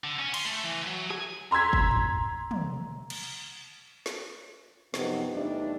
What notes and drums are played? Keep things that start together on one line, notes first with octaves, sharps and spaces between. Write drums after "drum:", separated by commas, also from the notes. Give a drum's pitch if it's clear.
D3
C#4
C6, drum: cymbal
A3
E3
F#3
G#5, drum: rim click
A#5 C6 E6 G#6 B6
drum: kick
drum: tom
drum: tom
drum: cymbal
drum: snare
F#2 C3 F3 B3 D#4, drum: snare
E2 G3 A3 D4 D#4